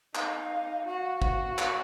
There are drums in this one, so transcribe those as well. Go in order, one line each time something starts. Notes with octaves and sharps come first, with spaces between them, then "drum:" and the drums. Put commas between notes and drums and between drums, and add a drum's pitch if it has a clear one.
D#4 F5, drum: clap
F#4 F5
F#4, drum: kick
F5, drum: clap